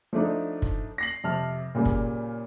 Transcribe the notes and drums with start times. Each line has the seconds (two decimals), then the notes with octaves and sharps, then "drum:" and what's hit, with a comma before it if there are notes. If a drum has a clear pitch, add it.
0.13 F3 A3 D4 D#4
0.62 drum: kick
0.98 A#6 C7 F#7
1.24 F2 C3 A5 F6
1.75 A#2 C#3 G3
1.85 drum: kick